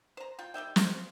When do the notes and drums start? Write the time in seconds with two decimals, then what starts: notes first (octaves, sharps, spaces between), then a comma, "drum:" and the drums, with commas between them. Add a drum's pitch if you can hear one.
0.17 C5 A#5
0.39 F4 G5
0.54 D#3 G3 E5 G5
0.76 C#3 C5, drum: snare